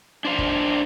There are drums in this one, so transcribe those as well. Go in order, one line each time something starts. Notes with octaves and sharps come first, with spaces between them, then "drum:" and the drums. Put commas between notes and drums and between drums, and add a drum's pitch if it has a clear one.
D4 C5 F5
drum: kick